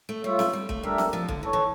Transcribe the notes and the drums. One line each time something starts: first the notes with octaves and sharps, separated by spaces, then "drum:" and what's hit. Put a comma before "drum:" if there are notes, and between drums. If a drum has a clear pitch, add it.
A3
G3 F4 C#5 E5
A3, drum: snare C4
G3
A3, drum: kick
G3 D4 G4 A#4 E5
drum: snare C4
F3
D3, drum: kick
E3 A4 C#5
E3